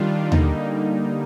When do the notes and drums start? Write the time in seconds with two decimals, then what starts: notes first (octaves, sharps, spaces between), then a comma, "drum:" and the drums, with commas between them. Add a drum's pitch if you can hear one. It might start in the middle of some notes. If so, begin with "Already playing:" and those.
Already playing: D#3 G3 D4 F4
0.32 D3 G3 A#3 D#4, drum: tom D#2